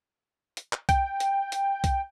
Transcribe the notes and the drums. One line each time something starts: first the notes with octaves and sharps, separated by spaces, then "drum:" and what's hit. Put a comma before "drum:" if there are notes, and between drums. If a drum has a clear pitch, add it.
drum: hi-hat
drum: clap
G5, drum: kick B1, hi-hat
drum: hi-hat
drum: hi-hat
drum: kick B1, hi-hat